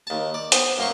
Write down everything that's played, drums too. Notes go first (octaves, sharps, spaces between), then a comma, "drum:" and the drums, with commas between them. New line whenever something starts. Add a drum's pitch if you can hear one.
D#2 A5
D5
B3 C5 C6, drum: hi-hat
F#2 A#3 C6 C#6